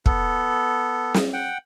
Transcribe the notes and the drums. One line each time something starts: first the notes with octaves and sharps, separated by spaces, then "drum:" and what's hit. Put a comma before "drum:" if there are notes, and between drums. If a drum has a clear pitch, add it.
B3 A4, drum: kick
drum: snare
F#5 G5